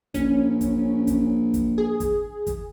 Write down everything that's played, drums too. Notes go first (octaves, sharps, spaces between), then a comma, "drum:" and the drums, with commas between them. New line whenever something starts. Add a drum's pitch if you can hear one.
A#1 C#4, drum: kick, hi-hat
drum: kick, hi-hat
drum: kick, hi-hat
drum: kick, hi-hat
G#4
drum: kick, hi-hat
drum: kick, hi-hat